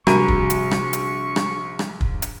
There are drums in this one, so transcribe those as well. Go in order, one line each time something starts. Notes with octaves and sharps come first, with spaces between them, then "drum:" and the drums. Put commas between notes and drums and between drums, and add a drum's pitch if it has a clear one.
A#1 C3 G3 F#4 A#4 C#6 D#7, drum: rim click
drum: kick
drum: hi-hat
drum: rim click
drum: hi-hat
drum: rim click
drum: rim click
drum: kick
drum: hi-hat